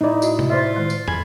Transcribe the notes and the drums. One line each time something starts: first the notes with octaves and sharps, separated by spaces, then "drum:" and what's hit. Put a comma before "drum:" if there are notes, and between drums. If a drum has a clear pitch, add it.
A2 D#4 E4 D5
F#4 D#5, drum: tambourine
drum: tom C3
F4 C5 D5 E5
D#3 G#3
drum: tambourine
G#5 B5 G#6, drum: tom